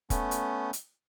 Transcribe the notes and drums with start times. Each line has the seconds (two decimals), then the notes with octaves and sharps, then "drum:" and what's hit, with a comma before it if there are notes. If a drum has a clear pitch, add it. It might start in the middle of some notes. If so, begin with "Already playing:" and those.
0.10 A3 B3 C#4, drum: kick, hi-hat
0.31 drum: hi-hat
0.73 drum: hi-hat